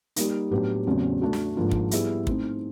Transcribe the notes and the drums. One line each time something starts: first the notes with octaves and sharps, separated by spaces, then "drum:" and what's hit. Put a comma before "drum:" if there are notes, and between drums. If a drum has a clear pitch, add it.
G3 A#3 D#4, drum: hi-hat
A2 F#3 B3 D4 G4
E2 C#3 F#3 A3 C4
A3 D4 F#4
drum: snare
G#2 F3 A#3 D4 F4
drum: kick
G3 B3 E4 G#4, drum: hi-hat
A3 C4 D#4, drum: kick